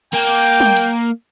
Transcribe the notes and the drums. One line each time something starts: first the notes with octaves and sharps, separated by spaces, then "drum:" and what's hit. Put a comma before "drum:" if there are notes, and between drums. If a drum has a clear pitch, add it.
A#3 G5
drum: tom
drum: hi-hat